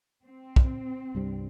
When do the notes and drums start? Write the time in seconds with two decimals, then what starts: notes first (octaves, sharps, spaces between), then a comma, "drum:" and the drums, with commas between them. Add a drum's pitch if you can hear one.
0.24 C4
0.56 drum: kick
1.15 C2 G2 G3